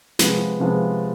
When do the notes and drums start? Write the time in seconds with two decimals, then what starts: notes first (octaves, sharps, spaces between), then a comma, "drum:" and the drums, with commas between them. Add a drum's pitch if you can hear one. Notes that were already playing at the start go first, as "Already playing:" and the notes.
0.19 C3 F3 G#3 B3, drum: snare
0.60 C3 F3 G#3 B3